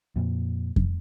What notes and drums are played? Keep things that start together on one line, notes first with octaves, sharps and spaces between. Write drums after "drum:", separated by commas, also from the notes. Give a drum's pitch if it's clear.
F2 A#2
drum: kick F2